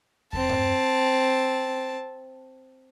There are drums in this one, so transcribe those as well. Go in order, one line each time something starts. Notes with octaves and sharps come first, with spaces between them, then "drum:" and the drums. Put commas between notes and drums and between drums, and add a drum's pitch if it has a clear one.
C4 A5, drum: kick E2
drum: tom G2